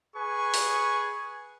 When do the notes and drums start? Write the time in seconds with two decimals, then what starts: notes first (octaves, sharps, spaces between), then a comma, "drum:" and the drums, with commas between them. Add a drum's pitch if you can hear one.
0.16 G#4 B4 G#5 C#6
0.54 drum: open hi-hat